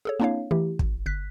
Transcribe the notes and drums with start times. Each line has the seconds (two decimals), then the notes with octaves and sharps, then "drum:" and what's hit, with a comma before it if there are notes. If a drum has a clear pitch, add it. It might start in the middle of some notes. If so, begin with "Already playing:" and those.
0.05 G#4 A4 C#5
0.20 A#3 C4 D4 E4 C#5 F5
0.51 E3 A3 E4 G4
0.79 A1, drum: kick
1.06 G1 F#6 B6